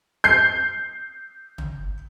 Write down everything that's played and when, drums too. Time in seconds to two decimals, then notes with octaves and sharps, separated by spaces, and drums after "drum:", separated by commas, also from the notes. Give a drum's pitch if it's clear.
0.24 G6 C7
1.58 drum: tom